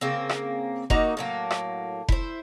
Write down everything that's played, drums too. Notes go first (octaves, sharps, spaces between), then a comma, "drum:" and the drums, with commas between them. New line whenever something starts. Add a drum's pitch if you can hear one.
C#3 A#3 C4
drum: rim click
A#3 D#4 F#4 A#5, drum: kick F1
A2 F#3 A#3
drum: rim click
E4 C5, drum: kick F1